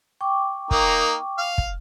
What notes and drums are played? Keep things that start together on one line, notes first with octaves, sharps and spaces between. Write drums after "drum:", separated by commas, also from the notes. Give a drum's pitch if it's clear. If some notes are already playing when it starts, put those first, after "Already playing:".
G5 C#6 D6
A#3 D#4, drum: kick
F5
drum: kick